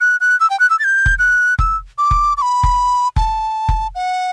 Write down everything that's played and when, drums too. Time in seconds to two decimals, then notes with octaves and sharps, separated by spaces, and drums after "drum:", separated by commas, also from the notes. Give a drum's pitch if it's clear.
0.01 F#6
0.21 F#6
0.40 E6
0.50 G5
0.59 F#6
0.70 E6
0.79 A6
0.84 G6
1.06 drum: kick F1
1.19 F#6
1.59 E6, drum: kick F1
1.98 D6
2.11 drum: kick F1
2.37 D6
2.42 B5
2.63 drum: kick F1
3.16 A5, drum: kick F1
3.69 drum: kick F1
3.95 F#5